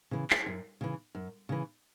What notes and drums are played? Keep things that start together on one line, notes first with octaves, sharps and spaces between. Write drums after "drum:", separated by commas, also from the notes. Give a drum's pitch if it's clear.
C#3 E3
drum: clap
F#2
C#3 E3
F#2
C#3 E3